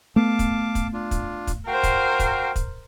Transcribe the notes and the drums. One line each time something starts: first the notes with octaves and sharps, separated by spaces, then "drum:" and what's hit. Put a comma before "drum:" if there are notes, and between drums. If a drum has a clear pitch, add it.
A3 B3 F5 A5 D6
drum: kick, hi-hat
drum: kick, hi-hat
D4 F4
drum: kick, hi-hat
drum: kick, hi-hat
F#4 A#4 C5 F5 G5
drum: kick, hi-hat
drum: kick, hi-hat
drum: kick, hi-hat